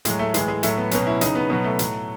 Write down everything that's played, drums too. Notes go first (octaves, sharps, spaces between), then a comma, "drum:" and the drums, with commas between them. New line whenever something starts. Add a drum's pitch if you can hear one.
A2 F#3 G#3, drum: hi-hat
A3
A2 E3 G#3, drum: hi-hat
G#3
A2 F#3 A3, drum: hi-hat
B3
B2 F#3 C#4, drum: hi-hat
E4
C#3 F#3 D#4, drum: hi-hat
B3
B2 F#3 B3
A3
A2 F#3, drum: hi-hat